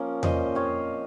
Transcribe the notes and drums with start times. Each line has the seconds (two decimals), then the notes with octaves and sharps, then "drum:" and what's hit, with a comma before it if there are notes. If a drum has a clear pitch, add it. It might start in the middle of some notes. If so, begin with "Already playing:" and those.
Already playing: F3 A#3 C#4
0.23 A#2 C5 D#5, drum: tom E2
0.55 C4 C#5 F5